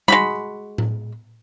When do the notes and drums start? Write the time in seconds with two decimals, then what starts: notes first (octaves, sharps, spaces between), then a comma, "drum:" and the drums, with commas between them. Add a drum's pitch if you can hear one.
0.08 G#3 F#4 B5, drum: tom G3
0.78 drum: tom A2